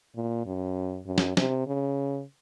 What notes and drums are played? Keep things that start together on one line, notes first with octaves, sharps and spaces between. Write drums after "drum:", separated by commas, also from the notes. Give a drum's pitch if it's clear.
A#2
F#2
F#2
drum: snare
C3, drum: snare
C#3